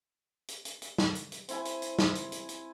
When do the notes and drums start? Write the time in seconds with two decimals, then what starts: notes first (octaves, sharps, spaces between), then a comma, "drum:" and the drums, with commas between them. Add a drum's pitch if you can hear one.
0.48 drum: hi-hat
0.65 drum: hi-hat
0.82 drum: hi-hat
0.98 drum: snare
1.15 drum: hi-hat
1.32 drum: hi-hat
1.48 C4 E4 G#5, drum: hi-hat
1.65 drum: hi-hat
1.82 drum: hi-hat
1.99 drum: snare
2.15 drum: hi-hat
2.32 drum: hi-hat
2.49 drum: hi-hat